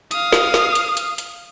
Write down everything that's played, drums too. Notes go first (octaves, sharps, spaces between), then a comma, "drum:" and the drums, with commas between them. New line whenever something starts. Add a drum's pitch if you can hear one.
F5 D#6, drum: hi-hat
drum: snare
drum: snare
drum: hi-hat
drum: hi-hat
drum: hi-hat